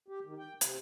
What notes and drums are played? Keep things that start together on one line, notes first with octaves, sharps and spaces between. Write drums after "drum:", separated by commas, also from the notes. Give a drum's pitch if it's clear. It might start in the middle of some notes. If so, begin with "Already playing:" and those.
G4
D#3
G5
C3, drum: hi-hat